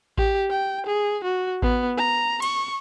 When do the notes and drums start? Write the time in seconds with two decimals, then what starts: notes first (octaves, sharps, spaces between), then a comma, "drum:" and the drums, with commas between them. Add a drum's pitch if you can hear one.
0.18 G4, drum: kick A1
0.50 G5
0.86 G#4
1.24 F#4
1.62 B3, drum: kick A1
1.97 A#5
2.42 C#6, drum: cymbal